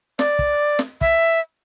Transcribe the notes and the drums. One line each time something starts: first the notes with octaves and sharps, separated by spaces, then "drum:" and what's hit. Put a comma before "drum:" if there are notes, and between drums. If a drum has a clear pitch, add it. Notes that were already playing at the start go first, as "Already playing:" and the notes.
D5, drum: snare
drum: kick
drum: snare
E5, drum: kick